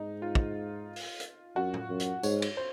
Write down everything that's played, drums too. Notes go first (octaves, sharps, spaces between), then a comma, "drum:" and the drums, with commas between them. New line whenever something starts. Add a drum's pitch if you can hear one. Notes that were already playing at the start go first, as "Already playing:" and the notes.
Already playing: G#2 D#4
F4
drum: kick
drum: open hi-hat
drum: hi-hat
F#2 F#4
drum: tom A2
F#2
drum: hi-hat
G#2 C#5, drum: tambourine
drum: cymbal
C5